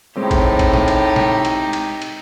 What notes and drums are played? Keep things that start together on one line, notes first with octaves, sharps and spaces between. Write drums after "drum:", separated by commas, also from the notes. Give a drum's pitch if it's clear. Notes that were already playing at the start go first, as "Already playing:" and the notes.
A2 G#3 C4 D#4 G4
drum: kick A1, cymbal
drum: kick A1, cymbal
drum: snare
drum: cymbal
drum: snare
drum: cymbal
drum: cymbal
drum: cymbal